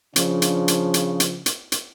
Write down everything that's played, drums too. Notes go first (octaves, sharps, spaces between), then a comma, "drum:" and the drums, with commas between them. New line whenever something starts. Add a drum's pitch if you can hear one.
C#3 F3 D4, drum: hi-hat
drum: hi-hat
drum: hi-hat
drum: hi-hat
drum: hi-hat
drum: hi-hat
drum: hi-hat